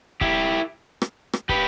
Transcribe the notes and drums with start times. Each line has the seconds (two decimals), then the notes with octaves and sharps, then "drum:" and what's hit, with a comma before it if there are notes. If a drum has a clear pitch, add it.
0.21 E4 G4, drum: kick
1.02 drum: rim click
1.33 drum: rim click
1.49 G4 B4, drum: kick